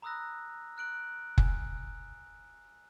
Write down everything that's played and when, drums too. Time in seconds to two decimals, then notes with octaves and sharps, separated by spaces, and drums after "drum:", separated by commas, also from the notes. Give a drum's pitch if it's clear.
0.02 A#5 B5 D#6 E6 F#6 A#6
0.77 F6 F#6 D7 F#7
1.38 G#5, drum: kick